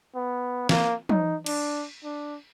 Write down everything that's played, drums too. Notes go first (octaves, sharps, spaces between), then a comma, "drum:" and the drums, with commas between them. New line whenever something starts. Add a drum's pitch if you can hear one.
B3
A#3, drum: snare
D#4, drum: tom
D4, drum: cymbal
D4